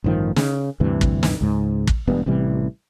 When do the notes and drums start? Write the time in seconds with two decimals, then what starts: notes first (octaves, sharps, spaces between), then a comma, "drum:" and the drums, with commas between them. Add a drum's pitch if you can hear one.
0.04 A1 G2 D#3 F3
0.36 C#3, drum: snare
0.80 D2 G2 C3 E3
1.01 drum: kick
1.23 drum: snare
1.41 C#2 G#2
1.87 drum: kick
2.07 E1 G2 B3
2.26 A1 C3 E3 G3